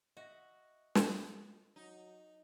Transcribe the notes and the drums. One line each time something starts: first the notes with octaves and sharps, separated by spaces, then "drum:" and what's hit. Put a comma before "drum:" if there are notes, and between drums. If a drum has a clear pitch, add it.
F#4 D#5 E5 A#6
drum: snare
F#3 D#4